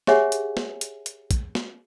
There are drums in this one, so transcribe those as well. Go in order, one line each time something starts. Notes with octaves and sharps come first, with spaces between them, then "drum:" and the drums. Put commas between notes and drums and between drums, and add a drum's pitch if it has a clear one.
G4 G#4 C#5 E5 F#5 G#5, drum: snare
drum: hi-hat
drum: snare
drum: hi-hat
drum: hi-hat
drum: kick, hi-hat
drum: snare